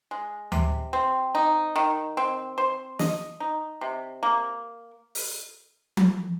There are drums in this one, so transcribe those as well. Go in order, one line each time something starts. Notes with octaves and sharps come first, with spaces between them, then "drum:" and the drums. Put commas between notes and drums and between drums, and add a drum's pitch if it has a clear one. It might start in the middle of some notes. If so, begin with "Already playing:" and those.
G#3
C3, drum: tom D2
C4
D#4
D#3
C4
C5
D#5, drum: snare
D#4
C3
A#3
drum: open hi-hat
drum: tom F3